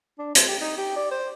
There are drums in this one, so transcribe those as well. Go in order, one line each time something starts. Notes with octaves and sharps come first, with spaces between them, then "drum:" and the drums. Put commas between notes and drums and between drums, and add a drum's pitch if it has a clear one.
D4
C5, drum: hi-hat
G4
D#4
G4
D5
C5